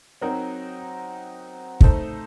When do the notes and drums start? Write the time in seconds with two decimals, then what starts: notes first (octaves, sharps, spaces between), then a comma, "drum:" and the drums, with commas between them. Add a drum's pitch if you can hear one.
0.21 F#3 C4 D#4 F#4 A#4
1.81 A3 D#4 A4 C5, drum: kick